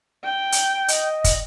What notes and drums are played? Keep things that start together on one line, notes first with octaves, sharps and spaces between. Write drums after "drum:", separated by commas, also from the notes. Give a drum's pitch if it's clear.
G5
drum: hi-hat
D#5, drum: hi-hat
drum: kick, hi-hat